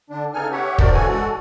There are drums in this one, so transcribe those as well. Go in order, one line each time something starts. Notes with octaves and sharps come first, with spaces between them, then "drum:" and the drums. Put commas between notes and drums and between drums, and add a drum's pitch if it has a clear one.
D3 D4
C#3 B3 D#4 A4 G#5 F6
G4 C#5 E5 F#5
A#3 D4 F#4 A#4 C5 D5, drum: kick
C#3 E3 F#4 A4 G#5
G#3 F#4 A4